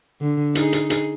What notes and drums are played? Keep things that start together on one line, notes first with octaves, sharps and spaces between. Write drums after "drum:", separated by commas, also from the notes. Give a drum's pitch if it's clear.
D3
D#4 G#4, drum: hi-hat
drum: hi-hat
drum: hi-hat